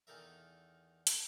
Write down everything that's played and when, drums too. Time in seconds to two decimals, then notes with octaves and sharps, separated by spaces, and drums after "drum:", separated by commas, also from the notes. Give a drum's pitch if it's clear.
0.07 E2 D#3 D#4 A4 A#4 E5
1.07 drum: hi-hat